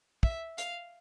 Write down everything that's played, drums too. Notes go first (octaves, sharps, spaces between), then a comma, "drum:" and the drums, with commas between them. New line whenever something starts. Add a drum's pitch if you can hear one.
E5, drum: kick
F5, drum: hi-hat